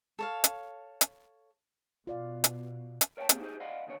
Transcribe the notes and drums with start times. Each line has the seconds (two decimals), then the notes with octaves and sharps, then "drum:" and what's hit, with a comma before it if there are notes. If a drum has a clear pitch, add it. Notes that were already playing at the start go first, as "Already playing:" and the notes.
0.19 A4 C#5 F5
0.44 drum: hi-hat
1.01 drum: hi-hat
2.07 B2 F4 D5 F5
2.44 drum: hi-hat
3.01 drum: hi-hat
3.17 A#4 C#5 E5 F#5 G5 A5
3.29 A#3 C4 G4 G#4 C5, drum: hi-hat
3.40 D#4 G4 G#4 C5
3.60 D5 D#5 F5 F#5 B5 C6
3.87 D#2 B2 D3 C#5